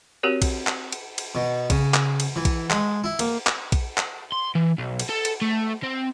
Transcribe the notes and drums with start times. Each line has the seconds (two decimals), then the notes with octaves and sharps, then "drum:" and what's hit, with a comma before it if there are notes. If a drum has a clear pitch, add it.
0.23 C4 F#4 G4 A#4 C#5
0.42 drum: kick A#1, cymbal
0.67 drum: clap
0.92 drum: cymbal
1.18 drum: cymbal
1.35 B2
1.70 C#3, drum: kick A#1, cymbal
1.94 drum: clap
2.20 drum: cymbal
2.36 E3
2.45 drum: kick A#1, cymbal
2.71 G#3, drum: clap
3.04 E4
3.19 A#3, drum: cymbal
3.47 drum: clap
3.72 drum: kick A#1, cymbal
3.98 drum: clap
4.32 C6
4.55 E3
4.78 B1
4.99 drum: cymbal
5.09 A4
5.25 drum: cymbal
5.42 A3
5.83 C4